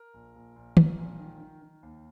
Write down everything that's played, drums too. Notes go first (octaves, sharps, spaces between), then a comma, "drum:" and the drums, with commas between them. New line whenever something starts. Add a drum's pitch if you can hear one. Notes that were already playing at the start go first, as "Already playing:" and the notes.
Already playing: A#4
A#1
A#1
A#1
A#1, drum: tom
A#1
D#3
D#3
D#3
D#2